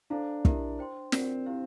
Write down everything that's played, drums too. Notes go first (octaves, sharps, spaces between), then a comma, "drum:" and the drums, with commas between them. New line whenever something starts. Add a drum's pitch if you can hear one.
D4 A4 C5 F5 A#5
E4 G4 A#4 E5 A#5, drum: kick
C5 G5 C6
C4 F4 A#4 D5, drum: snare
E4 G4 C5 F5